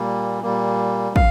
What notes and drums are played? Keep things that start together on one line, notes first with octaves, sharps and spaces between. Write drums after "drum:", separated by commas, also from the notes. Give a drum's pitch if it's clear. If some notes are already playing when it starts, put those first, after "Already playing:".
Already playing: A#2 G3 A#3
A#2 G3 A#3
F5, drum: kick